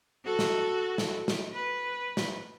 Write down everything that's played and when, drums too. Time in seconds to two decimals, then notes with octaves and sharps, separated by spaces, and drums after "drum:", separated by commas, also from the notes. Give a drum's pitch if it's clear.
0.24 F#4 A4
0.39 drum: snare
0.98 drum: snare
1.28 drum: snare
1.52 B4
2.17 drum: snare